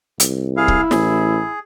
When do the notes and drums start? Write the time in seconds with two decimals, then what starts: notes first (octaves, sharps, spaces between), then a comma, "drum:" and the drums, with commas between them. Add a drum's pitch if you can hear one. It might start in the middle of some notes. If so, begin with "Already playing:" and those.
0.20 C2, drum: hi-hat
0.57 E4 G#4 F5
0.68 drum: kick
0.91 A1 G#4, drum: snare